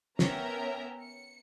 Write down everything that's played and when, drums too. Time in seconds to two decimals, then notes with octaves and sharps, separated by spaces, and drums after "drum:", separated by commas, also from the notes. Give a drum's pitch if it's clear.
0.19 B3 C#4 A#4 E5 G5 A#5, drum: snare
1.01 C#7